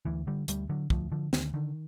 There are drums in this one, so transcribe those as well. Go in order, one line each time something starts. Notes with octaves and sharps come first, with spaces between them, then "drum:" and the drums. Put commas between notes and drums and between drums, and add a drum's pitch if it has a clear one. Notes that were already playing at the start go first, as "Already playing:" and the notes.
D2 E3
D3 G3
D2 G3, drum: hi-hat
D3 F#3
D2 F3, drum: kick
D3 F3
D2 D#3, drum: snare
D3 D#3